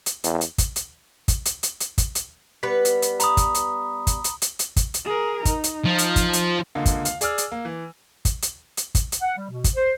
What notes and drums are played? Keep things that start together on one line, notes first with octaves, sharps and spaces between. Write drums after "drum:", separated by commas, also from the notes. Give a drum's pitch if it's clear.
drum: hi-hat
E2, drum: hi-hat
drum: hi-hat
drum: kick, hi-hat
drum: hi-hat
drum: kick, hi-hat
drum: hi-hat
drum: hi-hat
drum: hi-hat
drum: kick, hi-hat
drum: hi-hat
G3 B3 B4 B6
drum: hi-hat
drum: hi-hat
A#5 B5 D#6, drum: hi-hat
drum: kick, hi-hat
drum: hi-hat
drum: kick, hi-hat
drum: hi-hat
drum: hi-hat
drum: hi-hat
drum: kick, hi-hat
drum: hi-hat
G#4 A#4
D#4, drum: kick, hi-hat
drum: hi-hat
F3
drum: hi-hat
drum: kick, hi-hat
drum: hi-hat
C#2 D3 A#3 F4
drum: kick, hi-hat
F5, drum: hi-hat
G#4 D5 D6 E6 F6, drum: hi-hat
drum: hi-hat
A#3
E3
drum: kick, hi-hat
drum: hi-hat
drum: hi-hat
drum: kick, hi-hat
drum: hi-hat
F#5
G3
B2
drum: kick, hi-hat
C5